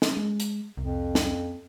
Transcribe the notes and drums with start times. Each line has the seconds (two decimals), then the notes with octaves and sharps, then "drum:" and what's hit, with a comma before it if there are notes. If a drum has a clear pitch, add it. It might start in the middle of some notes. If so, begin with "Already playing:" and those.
0.02 drum: snare
0.17 G#3
0.40 drum: hi-hat
0.77 C2 F2
1.15 drum: snare